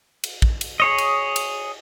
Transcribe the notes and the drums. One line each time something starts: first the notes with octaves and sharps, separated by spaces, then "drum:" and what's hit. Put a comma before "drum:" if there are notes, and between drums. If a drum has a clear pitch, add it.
drum: cymbal
drum: kick
drum: cymbal
G#4 C#5 D#5
drum: cymbal
drum: cymbal